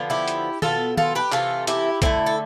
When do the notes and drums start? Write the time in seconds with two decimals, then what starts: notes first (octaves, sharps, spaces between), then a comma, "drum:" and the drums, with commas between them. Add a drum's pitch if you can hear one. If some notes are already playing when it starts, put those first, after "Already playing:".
Already playing: D3 F3 B3
0.10 E4 G4
0.28 drum: hi-hat
0.62 B2 G3 F4 A4, drum: tom D#3
0.68 B3
0.97 F4 A4, drum: tom D#3
1.15 G4 B4
1.32 C3 E3 A3 F4 A4, drum: clap
1.67 E4 G4, drum: hi-hat
2.02 D3 A3 C4 E4, drum: kick, hi-hat
2.26 A4